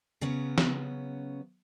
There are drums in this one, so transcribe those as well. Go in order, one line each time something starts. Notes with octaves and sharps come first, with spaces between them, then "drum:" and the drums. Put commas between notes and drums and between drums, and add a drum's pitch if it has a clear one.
C#3 F#3 B3 C#4
drum: snare